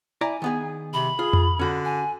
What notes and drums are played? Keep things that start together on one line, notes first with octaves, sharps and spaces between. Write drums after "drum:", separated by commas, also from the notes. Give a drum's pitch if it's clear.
E4 D5 G#5 A#5
D#3 B3 G#4
C3 B5
F4 G#4
drum: tom F2
D3 C#4 F#4
G#5